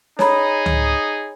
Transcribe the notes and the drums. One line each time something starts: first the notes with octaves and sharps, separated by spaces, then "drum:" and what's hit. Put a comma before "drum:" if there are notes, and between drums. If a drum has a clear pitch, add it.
D#4 G#4 C#5 A#5 B5, drum: snare
drum: tom C#2